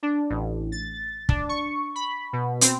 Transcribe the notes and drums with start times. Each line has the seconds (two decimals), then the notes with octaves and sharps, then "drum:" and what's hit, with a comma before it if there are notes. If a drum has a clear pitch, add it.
0.03 D4
0.30 A1
0.72 A6
1.29 D4, drum: kick
1.49 C#6
1.95 B5
2.33 B2
2.61 C4, drum: hi-hat